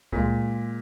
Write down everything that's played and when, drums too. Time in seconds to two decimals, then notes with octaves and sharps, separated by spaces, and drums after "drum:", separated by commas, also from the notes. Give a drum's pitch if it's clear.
0.12 A#2 G#3, drum: kick C#2